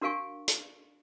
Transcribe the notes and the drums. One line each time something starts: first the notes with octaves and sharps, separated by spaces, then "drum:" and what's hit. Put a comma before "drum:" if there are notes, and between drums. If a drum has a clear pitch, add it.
D4 F#4 A#4 F5 G#5 C#6
drum: hi-hat